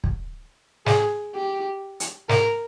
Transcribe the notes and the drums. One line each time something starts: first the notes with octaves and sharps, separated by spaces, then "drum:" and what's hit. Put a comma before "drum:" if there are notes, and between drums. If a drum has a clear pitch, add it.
drum: kick
G#4, drum: snare
G4
drum: hi-hat
A#4, drum: snare